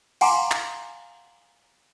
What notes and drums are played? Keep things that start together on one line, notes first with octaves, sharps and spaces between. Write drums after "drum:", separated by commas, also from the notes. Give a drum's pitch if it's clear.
F5 F#5 G#5 A#5 C6 D6, drum: cymbal
drum: clap